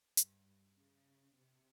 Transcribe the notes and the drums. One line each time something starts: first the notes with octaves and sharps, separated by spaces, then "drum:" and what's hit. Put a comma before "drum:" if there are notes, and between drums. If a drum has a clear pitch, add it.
G2, drum: hi-hat
C#3
C3